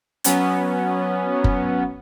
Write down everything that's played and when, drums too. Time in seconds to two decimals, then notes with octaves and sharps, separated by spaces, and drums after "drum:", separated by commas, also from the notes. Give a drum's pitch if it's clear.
0.24 F#3 B3 C#4, drum: hi-hat
1.44 drum: kick F#1